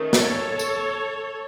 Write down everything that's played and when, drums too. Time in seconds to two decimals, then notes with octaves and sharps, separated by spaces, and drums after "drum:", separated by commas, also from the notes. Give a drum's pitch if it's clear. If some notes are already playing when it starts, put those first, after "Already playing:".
Already playing: D#3 A3 C#4
0.13 A4 C#5, drum: snare
0.59 drum: tambourine